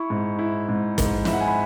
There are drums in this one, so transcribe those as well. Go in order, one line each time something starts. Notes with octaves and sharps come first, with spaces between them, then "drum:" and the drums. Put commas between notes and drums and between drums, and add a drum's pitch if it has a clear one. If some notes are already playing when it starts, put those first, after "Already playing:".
Already playing: E4 C#6
G#2
E4
G#2
G#2, drum: kick, hi-hat
E4 E5, drum: snare
F#5
G#5
B5